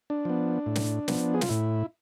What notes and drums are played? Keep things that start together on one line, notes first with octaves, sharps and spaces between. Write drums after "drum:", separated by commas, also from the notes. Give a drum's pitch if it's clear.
D4
F3 B3
A2
drum: snare
F3 B3, drum: snare
G#4
F4, drum: snare
A2 E4